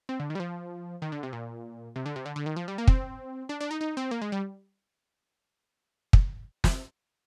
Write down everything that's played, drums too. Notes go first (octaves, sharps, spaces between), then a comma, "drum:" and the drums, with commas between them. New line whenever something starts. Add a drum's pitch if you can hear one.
C4
D3
D#3
G3
F3
D#3
D3
C3
A#2
C3
D3
C3
D3
D3
D#3
F3
G3
A#3
C4, drum: kick
D4
D4
D#4
D#4
C4
A#3
G#3
G3
drum: kick
drum: snare